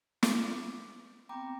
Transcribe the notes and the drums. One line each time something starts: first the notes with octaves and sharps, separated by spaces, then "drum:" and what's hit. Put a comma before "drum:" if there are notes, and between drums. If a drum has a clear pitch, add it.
D6, drum: snare
B3 C4 G5 A#5 D6